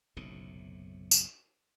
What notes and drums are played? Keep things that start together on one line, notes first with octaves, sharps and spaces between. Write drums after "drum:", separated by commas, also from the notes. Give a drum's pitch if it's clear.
F#1 B1 A2 C3
drum: tambourine